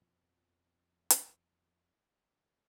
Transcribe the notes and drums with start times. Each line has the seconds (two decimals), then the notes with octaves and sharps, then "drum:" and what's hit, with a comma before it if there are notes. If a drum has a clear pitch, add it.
0.01 F2 B2 F3
1.10 drum: hi-hat